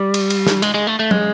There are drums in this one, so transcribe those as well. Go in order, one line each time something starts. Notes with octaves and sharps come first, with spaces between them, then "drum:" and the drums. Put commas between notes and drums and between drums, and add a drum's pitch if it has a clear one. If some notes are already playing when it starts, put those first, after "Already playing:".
Already playing: G3
drum: cymbal
drum: cymbal
drum: snare
G#3, drum: cymbal
G#3
A3
A3
G#3, drum: tom